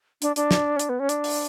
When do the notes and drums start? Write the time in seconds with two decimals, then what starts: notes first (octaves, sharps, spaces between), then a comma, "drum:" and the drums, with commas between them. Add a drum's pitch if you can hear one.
0.22 D4, drum: hi-hat
0.36 D4, drum: hi-hat
0.51 drum: snare
0.76 C#4
0.79 D4, drum: hi-hat
0.89 B3
0.99 C#4
1.09 D4, drum: hi-hat
1.24 drum: open hi-hat